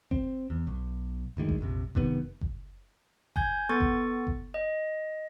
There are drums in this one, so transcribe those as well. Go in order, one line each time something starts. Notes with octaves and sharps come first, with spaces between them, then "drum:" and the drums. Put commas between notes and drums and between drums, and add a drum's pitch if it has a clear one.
C4, drum: kick F#1
E2
B1
G1 D2 D#3 G#3
drum: kick F#1
A#1 F2 C3
F#2 C3 D#3 B3, drum: kick F#1
drum: kick F#1
G#5 G6 G#6, drum: kick F#1
B3 A4 C#6 A6
drum: kick F#1
drum: kick F#1
D#5